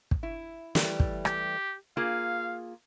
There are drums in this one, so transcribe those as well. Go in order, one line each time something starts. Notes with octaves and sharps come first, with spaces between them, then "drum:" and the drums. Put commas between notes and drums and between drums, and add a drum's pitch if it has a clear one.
drum: kick
E4
E3 G3 A3, drum: snare
drum: kick
G4, drum: rim click
A#3 F4 G#4 F5